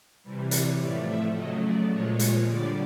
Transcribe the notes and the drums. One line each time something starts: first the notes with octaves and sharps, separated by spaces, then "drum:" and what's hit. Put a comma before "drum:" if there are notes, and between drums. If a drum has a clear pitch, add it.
C3 E3 G3
C#5, drum: hi-hat
A2 F3 A3 D5
E5
C#3 F#3 A3 D#5
D5
A#2 F3 G#3 C#5
C#5, drum: hi-hat
D3 G3 D5